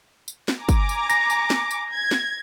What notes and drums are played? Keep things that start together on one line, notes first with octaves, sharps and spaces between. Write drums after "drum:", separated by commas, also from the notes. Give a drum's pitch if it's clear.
drum: tambourine
drum: snare
G#5 A#5 D6
drum: kick, tambourine
drum: tambourine
A#6, drum: tambourine
drum: tambourine
drum: snare
drum: tambourine
G#6
drum: snare